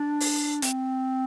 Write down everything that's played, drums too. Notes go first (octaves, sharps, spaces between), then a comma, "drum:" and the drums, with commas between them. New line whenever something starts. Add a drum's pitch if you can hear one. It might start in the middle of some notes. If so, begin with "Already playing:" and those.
Already playing: D4
drum: open hi-hat
C4, drum: hi-hat